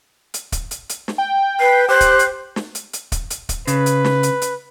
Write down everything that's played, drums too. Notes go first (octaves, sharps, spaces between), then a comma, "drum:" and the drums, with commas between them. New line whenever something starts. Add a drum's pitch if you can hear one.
drum: hi-hat
drum: kick, hi-hat
drum: hi-hat
drum: hi-hat
drum: snare
G5
B4 C7
G4 C5 F#6
drum: kick, hi-hat
drum: hi-hat
drum: snare
drum: hi-hat
drum: hi-hat
drum: kick, hi-hat
drum: hi-hat
drum: kick, hi-hat
C#3 B4, drum: hi-hat
drum: hi-hat
drum: snare
drum: hi-hat
drum: hi-hat